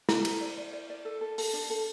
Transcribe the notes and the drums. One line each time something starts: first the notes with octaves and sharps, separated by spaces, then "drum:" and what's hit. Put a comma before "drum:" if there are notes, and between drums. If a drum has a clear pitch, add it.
E4 A4, drum: snare
A4, drum: cymbal
D5
D5
D5
D5
A4
A4
A4, drum: open hi-hat
D4
A4